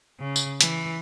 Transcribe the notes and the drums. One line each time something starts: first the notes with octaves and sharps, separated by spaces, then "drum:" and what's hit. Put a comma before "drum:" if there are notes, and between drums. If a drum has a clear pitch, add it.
C#3
drum: tambourine
E3, drum: hi-hat